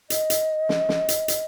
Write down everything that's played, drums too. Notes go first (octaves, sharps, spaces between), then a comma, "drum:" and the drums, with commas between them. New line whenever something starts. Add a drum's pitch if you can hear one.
D#5, drum: hi-hat
drum: hi-hat
drum: snare
drum: snare
drum: hi-hat
drum: hi-hat